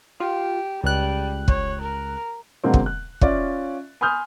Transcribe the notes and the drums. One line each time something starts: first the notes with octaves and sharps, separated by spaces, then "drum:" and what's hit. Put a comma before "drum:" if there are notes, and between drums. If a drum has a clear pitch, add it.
F4 G4
C#2 G3 F#6
C#5, drum: kick
A#4
B2 D3 F#3 G#3 A#3 C4
drum: kick
F#6
C#4 F4 D5 E5 F5, drum: kick
G#5 B5 C6 D#6 F6 G6